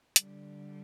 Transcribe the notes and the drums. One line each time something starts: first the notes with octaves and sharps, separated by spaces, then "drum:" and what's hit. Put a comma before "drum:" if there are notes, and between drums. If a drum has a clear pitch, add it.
D3 G3, drum: hi-hat